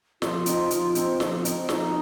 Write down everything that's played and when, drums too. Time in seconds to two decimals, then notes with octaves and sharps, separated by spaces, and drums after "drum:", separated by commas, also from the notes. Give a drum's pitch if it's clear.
0.22 F3 F4, drum: snare
0.46 C4 D#4, drum: hi-hat
0.71 F3, drum: hi-hat
0.95 C4 D#4, drum: hi-hat
1.20 F3, drum: snare
1.45 C4 D#4, drum: hi-hat
1.69 F3 D#4, drum: snare